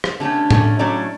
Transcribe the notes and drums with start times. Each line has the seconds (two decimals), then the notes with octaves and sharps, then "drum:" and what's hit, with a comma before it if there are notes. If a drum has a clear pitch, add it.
0.04 drum: rim click
0.20 D3 A3 C#4 G4
0.51 D3 A3 C#4, drum: tom A2
0.79 A2 F#3 A3 C#4 D5